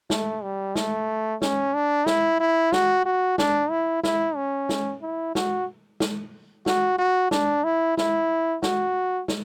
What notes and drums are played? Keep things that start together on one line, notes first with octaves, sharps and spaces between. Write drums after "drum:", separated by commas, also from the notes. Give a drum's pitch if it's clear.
A3, drum: snare
G3
A3, drum: snare
C#4, drum: snare
D4
E4, drum: snare
E4
F#4, drum: snare
F#4
D4, drum: snare
E4
E4, drum: snare
C#4
drum: snare
E4
F#4, drum: snare
drum: snare
F#4, drum: snare
F#4
D4, drum: snare
E4
E4, drum: snare
F#4, drum: snare
drum: snare